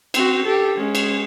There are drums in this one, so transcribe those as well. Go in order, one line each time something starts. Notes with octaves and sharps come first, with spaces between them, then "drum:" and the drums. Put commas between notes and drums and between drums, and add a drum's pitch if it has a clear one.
C4 F#4, drum: cymbal
G4 A4
G#3 C#4
drum: cymbal